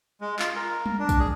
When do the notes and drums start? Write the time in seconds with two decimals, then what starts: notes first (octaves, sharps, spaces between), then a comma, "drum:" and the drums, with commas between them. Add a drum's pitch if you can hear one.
0.21 G#3
0.39 F4, drum: clap
0.56 A#4
0.86 drum: tom G3
0.99 D4
1.09 drum: kick, tambourine
1.19 G#4